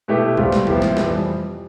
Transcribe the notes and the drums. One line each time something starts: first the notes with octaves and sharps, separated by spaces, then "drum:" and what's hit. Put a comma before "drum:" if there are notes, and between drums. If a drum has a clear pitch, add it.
B2 A3 E4 G4
C3 G3 C4 F4, drum: kick B1
drum: snare
C3 F3 B3 E4 G4, drum: kick B1
drum: snare
F2 E3 G3, drum: snare